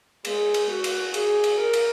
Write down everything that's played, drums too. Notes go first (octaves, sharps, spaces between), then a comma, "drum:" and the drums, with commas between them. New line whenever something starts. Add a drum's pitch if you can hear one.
G#3, drum: cymbal
drum: cymbal
F#4
drum: cymbal
G#4, drum: cymbal
drum: cymbal
A#4
drum: cymbal